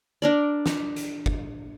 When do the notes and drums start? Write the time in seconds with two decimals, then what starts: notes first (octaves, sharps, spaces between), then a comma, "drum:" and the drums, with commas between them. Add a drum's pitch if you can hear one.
0.22 D4 A#4 D5
0.66 drum: snare
0.96 drum: hi-hat
1.26 drum: kick G1